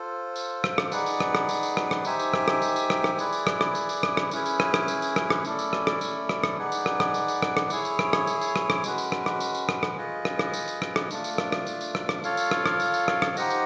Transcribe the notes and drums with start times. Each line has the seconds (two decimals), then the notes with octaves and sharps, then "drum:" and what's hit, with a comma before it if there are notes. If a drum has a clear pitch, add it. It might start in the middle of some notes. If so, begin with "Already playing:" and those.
Already playing: F4 A4 C5
0.36 drum: tambourine
0.64 drum: rim click
0.78 drum: rim click
0.92 D#4 G#4 B4 D5 F#5, drum: tambourine
1.06 drum: tambourine
1.20 drum: rim click
1.35 drum: rim click
1.49 drum: tambourine
1.63 drum: tambourine
1.77 drum: rim click
1.91 drum: rim click
2.05 D#4 G4 C5 E5 G#5, drum: tambourine
2.19 drum: tambourine
2.34 drum: rim click
2.48 drum: rim click
2.62 drum: tambourine
2.76 drum: tambourine
2.90 drum: rim click
3.04 drum: rim click
3.19 E4 G#4 B4 D5, drum: tambourine
3.33 drum: tambourine
3.47 drum: rim click
3.61 drum: rim click
3.75 drum: tambourine
3.89 drum: tambourine
4.03 drum: rim click
4.17 drum: rim click
4.31 C#4 E4 G#4 B4, drum: tambourine
4.46 drum: tambourine
4.60 drum: rim click
4.74 drum: rim click
4.88 drum: tambourine
5.02 drum: tambourine
5.16 drum: rim click
5.30 drum: rim click
5.45 A3 C#4 E4 A4 D5, drum: tambourine
5.59 drum: tambourine
5.73 drum: rim click
5.87 drum: rim click
6.01 drum: tambourine
6.29 drum: rim click
6.44 drum: rim click
6.57 D#4 G#4 B4 D5 F#5
6.72 drum: tambourine
6.86 drum: rim click
7.00 drum: rim click
7.14 drum: tambourine
7.28 drum: tambourine
7.42 drum: rim click
7.57 drum: rim click
7.70 E4 G#4 C#5, drum: tambourine
7.85 drum: tambourine
7.99 drum: rim click
8.13 drum: rim click
8.27 drum: tambourine
8.41 drum: tambourine
8.56 drum: rim click
8.70 drum: rim click
8.84 G#3 C#4 F#4 B4, drum: tambourine
8.98 drum: tambourine
9.12 drum: rim click
9.26 drum: rim click
9.40 drum: tambourine
9.55 drum: tambourine
9.69 drum: rim click
9.83 drum: rim click
9.97 F4 G#4 B4 D#5
10.25 drum: rim click
10.39 drum: rim click
10.54 drum: tambourine
10.68 drum: tambourine
10.82 drum: rim click
10.96 drum: rim click
11.11 A3 D4 F4, drum: tambourine
11.24 drum: tambourine
11.38 drum: rim click
11.52 drum: rim click
11.67 drum: tambourine
11.81 drum: tambourine
11.95 drum: rim click
12.09 drum: rim click
12.24 F4 A4 C#5 F5, drum: tambourine
12.37 drum: tambourine
12.51 drum: rim click
12.66 drum: rim click
12.80 drum: tambourine
12.94 drum: tambourine
13.08 drum: rim click
13.22 drum: rim click
13.37 D#4 G4 C5 D#5 F#5, drum: tambourine
13.50 drum: tambourine